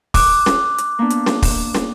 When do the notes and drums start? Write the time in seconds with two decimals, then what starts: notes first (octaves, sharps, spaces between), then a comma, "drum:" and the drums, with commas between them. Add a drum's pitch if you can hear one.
0.14 D6 F#6, drum: kick, open hi-hat
0.46 drum: snare
0.78 drum: hi-hat
0.99 A#3 B3 D4
1.10 drum: hi-hat
1.26 drum: snare
1.42 drum: kick, open hi-hat
1.75 drum: snare